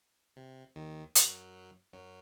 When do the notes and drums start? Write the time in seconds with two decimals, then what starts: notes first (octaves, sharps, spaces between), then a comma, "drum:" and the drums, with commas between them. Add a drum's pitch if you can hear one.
0.36 C3
0.76 D#2 D#3
1.15 F#2 F#3, drum: hi-hat
1.93 F#2 F#3